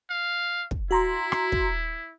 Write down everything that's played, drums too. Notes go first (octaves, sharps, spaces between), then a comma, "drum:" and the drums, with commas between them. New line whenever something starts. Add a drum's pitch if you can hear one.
F5
drum: kick
E4 F#4 A#5 C6
drum: rim click
drum: kick